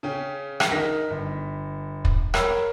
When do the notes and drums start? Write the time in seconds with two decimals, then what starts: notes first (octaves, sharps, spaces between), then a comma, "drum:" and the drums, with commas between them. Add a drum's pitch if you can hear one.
0.03 C#3 C#4 G5
0.60 drum: rim click
0.70 D#3 A#6 B6
1.11 G1
2.05 drum: kick
2.34 A#4 C#5 B5 E6, drum: rim click